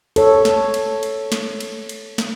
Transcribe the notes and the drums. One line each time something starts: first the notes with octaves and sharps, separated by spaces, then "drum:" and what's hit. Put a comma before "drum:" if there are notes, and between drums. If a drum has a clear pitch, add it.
A4 C#5, drum: cymbal
drum: snare
drum: cymbal
drum: cymbal
drum: snare
drum: cymbal
drum: cymbal
drum: snare